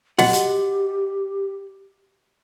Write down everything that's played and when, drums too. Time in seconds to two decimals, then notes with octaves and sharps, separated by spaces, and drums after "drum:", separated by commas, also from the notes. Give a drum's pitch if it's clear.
0.18 F#4 G4 D#5 F#5, drum: snare
0.33 drum: hi-hat